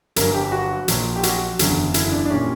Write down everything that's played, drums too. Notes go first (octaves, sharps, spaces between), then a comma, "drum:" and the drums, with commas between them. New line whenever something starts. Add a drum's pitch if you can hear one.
G1 G2 F#3 A#4, drum: hi-hat
G4
F#4
A#1 A#2 F#3, drum: hi-hat
G4
F#4, drum: hi-hat
F#1 E2 D3 F#3, drum: hi-hat
E4, drum: hi-hat
E4
D4
D4
A#2 G3 C#4